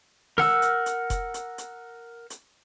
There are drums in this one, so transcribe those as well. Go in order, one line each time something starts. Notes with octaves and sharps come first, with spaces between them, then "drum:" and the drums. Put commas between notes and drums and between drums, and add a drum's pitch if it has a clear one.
A#4 F#5 E6, drum: snare
drum: hi-hat
drum: hi-hat
drum: kick F1, hi-hat
drum: hi-hat
drum: hi-hat
drum: hi-hat